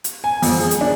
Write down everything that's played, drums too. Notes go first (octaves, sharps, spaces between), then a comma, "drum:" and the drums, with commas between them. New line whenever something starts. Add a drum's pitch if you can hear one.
drum: hi-hat
G#5
F2, drum: open hi-hat
G#4
drum: hi-hat
D4